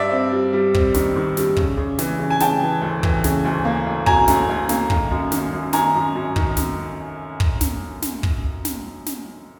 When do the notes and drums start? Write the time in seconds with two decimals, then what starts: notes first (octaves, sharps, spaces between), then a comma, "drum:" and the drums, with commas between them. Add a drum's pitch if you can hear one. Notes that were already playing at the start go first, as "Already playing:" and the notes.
Already playing: G2 D5 E5
0.11 C4
0.32 G3
0.53 G3
0.74 C4, drum: kick
0.94 D#3, drum: snare
1.16 D#3
1.37 G3, drum: snare
1.57 C#3, drum: kick
1.77 C#3
1.99 E3, drum: snare
2.19 C#3
2.30 G#5
2.40 C#3 G5 A5, drum: snare
2.62 E3
2.81 D2
3.03 E3, drum: kick
3.24 C#3, drum: snare
3.44 D2
3.65 A#3
3.86 D2
4.06 F#3 G#5 A#5, drum: kick
4.28 D2, drum: snare
4.49 D2
4.69 A#3, drum: snare
4.90 D#3, drum: kick
5.11 F#2
5.32 D#3, drum: snare
5.53 F#2
5.73 D#3 G#5 A#5, drum: snare
5.94 F#2
6.16 F#2
6.36 D#3, drum: kick
6.57 drum: snare
7.40 drum: kick
7.61 drum: snare
8.02 drum: snare
8.23 drum: kick
8.65 drum: snare
9.06 drum: snare